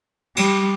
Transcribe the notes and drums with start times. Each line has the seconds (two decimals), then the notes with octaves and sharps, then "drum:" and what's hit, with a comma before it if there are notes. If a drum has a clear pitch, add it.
0.37 G3, drum: cymbal